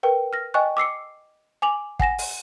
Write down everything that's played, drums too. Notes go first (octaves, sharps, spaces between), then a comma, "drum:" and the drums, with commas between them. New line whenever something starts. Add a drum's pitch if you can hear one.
A#4 B4 G5
F6 A#6
D#5 G5 G#5 C#6 F#6
D6 E6 C7 C#7
G#5 D6 F7 F#7
F#5 G#5 A#6 E7, drum: kick
drum: open hi-hat